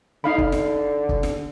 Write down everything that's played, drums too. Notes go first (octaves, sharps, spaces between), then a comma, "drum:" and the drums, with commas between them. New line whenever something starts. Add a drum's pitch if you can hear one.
D3 D#4 F5 B5
drum: kick
drum: snare
drum: kick
drum: snare